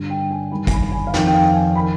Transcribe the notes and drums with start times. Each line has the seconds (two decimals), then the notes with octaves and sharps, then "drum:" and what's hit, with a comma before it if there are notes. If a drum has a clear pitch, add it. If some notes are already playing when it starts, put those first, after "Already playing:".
Already playing: G2 D3
0.10 G5
0.31 G#5
0.52 G2 D#3 B5
0.67 G#5, drum: kick G#1, hi-hat
0.72 B5
0.92 G#5
1.07 F5
1.14 F2 D#3 G5, drum: snare
1.27 G5
1.34 F5
1.54 G#5
1.76 D#3 B5